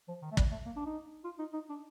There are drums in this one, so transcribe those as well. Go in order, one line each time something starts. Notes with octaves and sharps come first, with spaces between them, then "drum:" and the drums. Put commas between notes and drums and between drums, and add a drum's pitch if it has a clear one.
F3
D#3
A3
G3, drum: kick
A3
A#3
D4
D#4
F4
D#4
D#4
D4